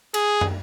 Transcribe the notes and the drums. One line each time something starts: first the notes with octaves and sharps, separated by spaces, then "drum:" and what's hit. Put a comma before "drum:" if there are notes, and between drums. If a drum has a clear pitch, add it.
G#4, drum: cymbal
drum: tom